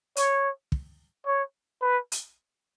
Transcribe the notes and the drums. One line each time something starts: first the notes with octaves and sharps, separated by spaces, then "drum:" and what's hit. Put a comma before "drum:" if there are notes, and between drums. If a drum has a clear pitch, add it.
C#5, drum: hi-hat
drum: kick
C#5
B4
drum: hi-hat